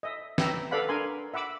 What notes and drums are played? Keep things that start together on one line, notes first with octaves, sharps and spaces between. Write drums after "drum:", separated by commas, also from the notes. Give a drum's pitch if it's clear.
D#5 E5
B4 E5 G5 A#5 E6, drum: snare
A4 B4 D5 F5 F#5 B5
D4 A#4 G#5 C6
E5 F#5 B5 D6 E6